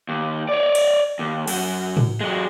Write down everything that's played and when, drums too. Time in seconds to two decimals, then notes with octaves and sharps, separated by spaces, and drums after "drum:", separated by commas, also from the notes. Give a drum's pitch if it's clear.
0.09 D#2
0.49 C#5 D5
0.75 drum: cymbal
1.19 D#2
1.48 F#2, drum: cymbal
1.97 drum: tom
2.21 F#3 G#3